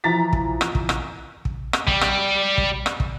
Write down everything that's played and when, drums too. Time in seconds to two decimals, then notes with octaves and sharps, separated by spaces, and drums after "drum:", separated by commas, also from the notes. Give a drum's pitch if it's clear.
0.04 E3 F3 A#5 A6 B6
0.33 drum: kick
0.61 drum: rim click
0.75 drum: kick
0.89 drum: rim click
1.45 drum: kick
1.73 drum: rim click
1.87 G3, drum: kick
2.01 drum: rim click
2.58 drum: kick
2.86 drum: rim click
3.00 drum: kick